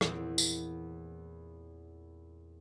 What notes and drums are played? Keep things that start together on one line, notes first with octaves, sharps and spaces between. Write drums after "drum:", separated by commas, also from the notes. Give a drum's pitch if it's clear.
E2 A#2 C4, drum: rim click
drum: tambourine